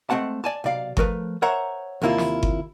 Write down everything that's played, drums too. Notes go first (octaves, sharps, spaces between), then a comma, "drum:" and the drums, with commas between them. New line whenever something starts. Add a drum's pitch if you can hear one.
G#3 A3 C4 F#5 A5
D5 G#5 A5
B1 C3 D5 F5
F3 A3 A#4 B4, drum: kick G1
A#4 C5 C#5 E5 F#5 A#5
D#2 C3 A#3 E4 F4
drum: snare
drum: kick G1